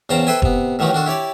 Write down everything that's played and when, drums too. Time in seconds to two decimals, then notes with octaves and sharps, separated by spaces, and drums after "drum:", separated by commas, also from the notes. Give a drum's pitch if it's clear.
0.09 E2 C#3 C5 G5 A5 A#5
0.27 A4 B4 C5 E5 G5 G#5
0.42 C3 B3, drum: kick
0.79 A2 D#3 E3 F#3 D#4 G4
0.93 D#3 D4 F#4 A4
1.06 E4 G4 C#5 D5